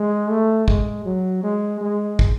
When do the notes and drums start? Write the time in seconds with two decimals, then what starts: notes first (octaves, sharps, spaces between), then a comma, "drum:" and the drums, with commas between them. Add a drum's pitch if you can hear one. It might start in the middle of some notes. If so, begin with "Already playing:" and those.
Already playing: G#3
0.30 A3
0.68 G#3, drum: kick
1.06 F#3
1.43 G#3
1.81 G#3
2.19 drum: kick